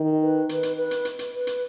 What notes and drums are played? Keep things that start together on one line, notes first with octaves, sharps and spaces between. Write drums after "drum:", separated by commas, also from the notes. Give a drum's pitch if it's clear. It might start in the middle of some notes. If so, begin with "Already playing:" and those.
Already playing: D#3
B4
B4, drum: hi-hat
drum: hi-hat
B4
drum: hi-hat
drum: hi-hat
drum: hi-hat
B4
drum: hi-hat